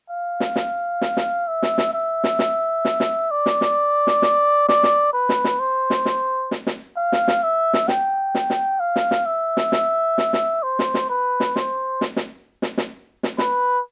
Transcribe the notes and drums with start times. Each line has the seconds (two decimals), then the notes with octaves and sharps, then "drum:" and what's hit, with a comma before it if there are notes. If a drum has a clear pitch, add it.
0.10 F5
0.40 drum: snare
0.56 drum: snare
1.01 drum: snare
1.17 drum: snare
1.47 E5
1.63 drum: snare
1.78 drum: snare
1.94 E5
2.24 drum: snare
2.39 drum: snare
2.85 drum: snare
3.00 drum: snare
3.31 D5
3.46 drum: snare
3.61 drum: snare
4.07 drum: snare
4.22 drum: snare
4.69 D5, drum: snare
4.83 drum: snare
5.13 B4
5.29 drum: snare
5.44 drum: snare
5.60 C5
5.90 drum: snare
6.05 drum: snare
6.51 drum: snare
6.67 drum: snare
6.97 F5
7.12 drum: snare
7.28 drum: snare
7.44 E5
7.74 drum: snare
7.88 G5, drum: snare
8.35 drum: snare
8.50 drum: snare
8.80 F5
8.96 drum: snare
9.11 drum: snare
9.26 E5
9.57 drum: snare
9.72 drum: snare
10.18 drum: snare
10.33 drum: snare
10.63 C5
10.79 drum: snare
10.94 drum: snare
11.10 B4
11.40 drum: snare
11.56 C5, drum: snare
12.01 drum: snare
12.16 drum: snare
12.62 drum: snare
12.78 drum: snare
13.23 drum: snare
13.38 B4, drum: snare